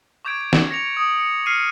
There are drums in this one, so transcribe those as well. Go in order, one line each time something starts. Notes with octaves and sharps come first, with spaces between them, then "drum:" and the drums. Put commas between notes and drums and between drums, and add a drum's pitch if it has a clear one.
C#6 D6 G6 G#6 D7
D7
drum: snare
A#6 C#7 F7
D#6
C#7
F6 C7 C#7 D#7